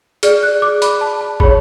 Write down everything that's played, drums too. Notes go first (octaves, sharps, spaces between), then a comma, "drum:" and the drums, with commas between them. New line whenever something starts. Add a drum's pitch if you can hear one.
G#4 D5 F6, drum: hi-hat
F#6
D6
B5, drum: hi-hat
A5
A5
G#4 C#5 B5, drum: kick